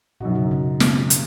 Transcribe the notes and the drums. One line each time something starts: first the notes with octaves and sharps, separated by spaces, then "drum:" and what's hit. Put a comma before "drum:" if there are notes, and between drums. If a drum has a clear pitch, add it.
F#2 B2 F#3 D#4 F#4
C#3
C#3
C#3, drum: snare
drum: hi-hat